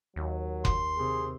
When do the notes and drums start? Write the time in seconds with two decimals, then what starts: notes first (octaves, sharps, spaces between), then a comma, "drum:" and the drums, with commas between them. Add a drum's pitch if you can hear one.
0.16 D#2 F#3
0.65 C6, drum: kick F1
0.97 C3 G#4